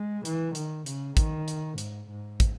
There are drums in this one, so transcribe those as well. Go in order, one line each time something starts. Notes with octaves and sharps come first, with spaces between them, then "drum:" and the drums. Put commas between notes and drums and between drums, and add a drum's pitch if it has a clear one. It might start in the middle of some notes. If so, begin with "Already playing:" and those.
Already playing: G#3
E3, drum: hi-hat
D#3, drum: hi-hat
C#3, drum: hi-hat
D#3, drum: kick, hi-hat
drum: hi-hat
G#2, drum: hi-hat
G#2
drum: kick, hi-hat